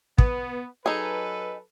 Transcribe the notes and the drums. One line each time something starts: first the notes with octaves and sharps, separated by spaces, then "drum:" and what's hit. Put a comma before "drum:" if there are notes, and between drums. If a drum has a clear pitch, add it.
B3, drum: kick
F#3 D#4 G#4 A4 B4